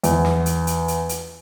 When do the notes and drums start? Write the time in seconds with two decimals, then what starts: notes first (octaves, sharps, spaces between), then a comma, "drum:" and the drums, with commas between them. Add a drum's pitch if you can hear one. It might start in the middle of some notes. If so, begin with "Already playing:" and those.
0.04 E2, drum: hi-hat
0.25 drum: snare
0.46 drum: hi-hat
0.67 drum: hi-hat
0.88 drum: hi-hat
1.09 drum: hi-hat